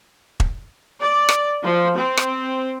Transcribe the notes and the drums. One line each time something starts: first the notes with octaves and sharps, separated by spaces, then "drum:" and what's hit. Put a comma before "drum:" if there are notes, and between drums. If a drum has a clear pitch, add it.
drum: kick E1
D5
drum: rim click
F3
C4
drum: rim click